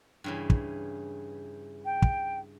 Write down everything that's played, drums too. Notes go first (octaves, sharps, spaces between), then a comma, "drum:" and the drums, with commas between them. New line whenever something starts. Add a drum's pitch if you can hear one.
G2 C#3 E3
drum: kick
G5
drum: kick